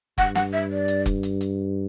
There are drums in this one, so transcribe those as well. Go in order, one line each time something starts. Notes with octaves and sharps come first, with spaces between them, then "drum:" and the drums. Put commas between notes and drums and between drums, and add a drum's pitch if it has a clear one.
G2 F#5, drum: kick F1, hi-hat
F#5, drum: snare
E5
D5
drum: hi-hat
drum: kick F1, hi-hat
drum: hi-hat
drum: hi-hat